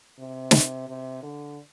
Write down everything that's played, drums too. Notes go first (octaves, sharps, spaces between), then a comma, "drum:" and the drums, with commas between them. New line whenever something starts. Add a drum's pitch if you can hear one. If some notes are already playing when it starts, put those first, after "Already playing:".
C3
drum: snare
C3
D3